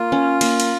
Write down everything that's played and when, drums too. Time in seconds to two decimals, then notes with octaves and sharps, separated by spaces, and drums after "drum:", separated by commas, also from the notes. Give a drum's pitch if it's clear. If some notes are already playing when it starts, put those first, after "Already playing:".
Already playing: A#3 F4
0.12 C#4
0.41 A#3, drum: cymbal
0.60 drum: cymbal